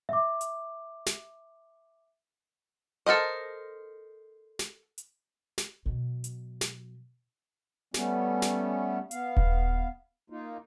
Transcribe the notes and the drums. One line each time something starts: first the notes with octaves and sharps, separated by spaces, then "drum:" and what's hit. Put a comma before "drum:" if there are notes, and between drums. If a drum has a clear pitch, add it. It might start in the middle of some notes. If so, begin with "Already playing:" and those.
E5 D6
drum: hi-hat
drum: snare
A4 A#4 C5 D#5
drum: snare
drum: hi-hat
drum: snare
B2 F#3
drum: hi-hat
drum: snare
G3 A3 B3 C#4, drum: snare
drum: snare
B3 F5, drum: hi-hat
drum: kick D#1
A#3 D#4 F4